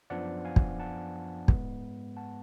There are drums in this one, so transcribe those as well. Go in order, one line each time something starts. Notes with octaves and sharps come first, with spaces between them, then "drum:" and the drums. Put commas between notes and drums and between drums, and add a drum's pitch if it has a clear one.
F#2 F3 B3 D4 D5 F#5
F5 G#5
drum: kick
F#5 A5
G#2 G#3 B3, drum: kick
F#5 A5